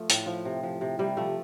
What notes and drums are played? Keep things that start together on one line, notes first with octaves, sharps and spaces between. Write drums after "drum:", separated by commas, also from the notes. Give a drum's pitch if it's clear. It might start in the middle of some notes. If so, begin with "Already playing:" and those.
Already playing: F3 A3
A2, drum: hi-hat
F3
C3
F3
C3
C3 G3
F3 A3